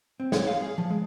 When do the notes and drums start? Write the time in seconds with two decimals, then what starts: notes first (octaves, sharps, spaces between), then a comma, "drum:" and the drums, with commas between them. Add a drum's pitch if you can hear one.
0.20 C4
0.32 C#5, drum: snare
0.47 F5
0.62 G#4
0.78 F3
0.90 G#3